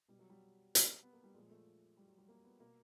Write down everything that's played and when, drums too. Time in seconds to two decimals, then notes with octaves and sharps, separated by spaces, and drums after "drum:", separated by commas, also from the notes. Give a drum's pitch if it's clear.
0.08 B2 G3
0.19 F#3
0.30 G3
0.75 drum: hi-hat
1.03 B3
1.13 A#3
1.24 G3
1.34 A#2 F3 G#3
1.50 A3
1.97 G3
2.08 F#3
2.18 G3
2.29 A#3
2.44 B3
2.60 B2 A#3